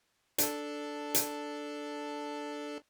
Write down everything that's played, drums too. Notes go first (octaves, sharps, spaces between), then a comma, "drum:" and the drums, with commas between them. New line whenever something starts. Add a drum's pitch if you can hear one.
D4 A4, drum: hi-hat
drum: hi-hat